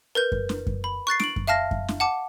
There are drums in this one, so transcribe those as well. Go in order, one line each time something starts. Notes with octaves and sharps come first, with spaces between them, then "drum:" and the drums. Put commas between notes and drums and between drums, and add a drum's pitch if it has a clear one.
A#4 B4 G6
drum: kick F#2
drum: snare
drum: kick F#2
B5
C#6 F#6 A6 C7
D7 F#7, drum: snare
drum: kick F#2
E5 F5 A5 F6 A#6
drum: kick F#2
drum: snare
F#5 A5 D6